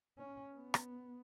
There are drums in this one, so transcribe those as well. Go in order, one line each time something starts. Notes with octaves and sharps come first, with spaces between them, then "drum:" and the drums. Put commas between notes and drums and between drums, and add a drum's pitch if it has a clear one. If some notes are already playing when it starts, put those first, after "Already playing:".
C#4
B3
drum: rim click